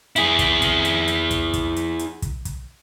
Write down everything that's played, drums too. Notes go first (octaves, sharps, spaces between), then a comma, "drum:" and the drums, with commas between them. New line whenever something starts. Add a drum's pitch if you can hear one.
E4 G#4, drum: hi-hat
drum: kick, hi-hat
drum: kick, hi-hat
drum: hi-hat
drum: hi-hat
drum: kick, hi-hat
drum: kick, hi-hat
drum: hi-hat
drum: hi-hat
drum: kick, hi-hat
drum: kick, hi-hat